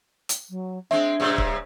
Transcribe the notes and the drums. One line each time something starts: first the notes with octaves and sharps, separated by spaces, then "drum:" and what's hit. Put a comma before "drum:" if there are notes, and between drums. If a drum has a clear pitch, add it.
drum: hi-hat
F#3
G#3 C4 D4 E5
G2 A#2 C#3
drum: kick